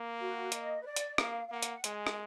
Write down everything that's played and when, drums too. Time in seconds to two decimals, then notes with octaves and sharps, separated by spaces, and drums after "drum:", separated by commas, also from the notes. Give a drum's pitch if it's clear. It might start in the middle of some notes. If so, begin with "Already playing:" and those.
Already playing: A#3
0.19 F#4
0.52 D#5, drum: hi-hat
0.81 B4
0.85 D5
0.96 drum: hi-hat
1.18 A#3 F5, drum: rim click
1.47 F5
1.51 A#3 F#5
1.63 drum: hi-hat
1.74 F#5
1.84 G#3 G#5, drum: hi-hat
2.07 drum: rim click